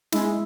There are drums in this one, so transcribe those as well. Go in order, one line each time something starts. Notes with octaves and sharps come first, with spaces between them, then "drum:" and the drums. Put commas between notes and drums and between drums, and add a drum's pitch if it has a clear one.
G#3 E4, drum: snare